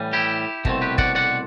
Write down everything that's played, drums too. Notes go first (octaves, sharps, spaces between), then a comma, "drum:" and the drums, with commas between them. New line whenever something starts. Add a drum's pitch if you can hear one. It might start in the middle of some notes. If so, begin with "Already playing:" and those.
Already playing: A2 E3 G3
E4 G4
C2 B2 A3 C4, drum: kick
G4 B4
D5 F#5, drum: kick
D5 F#5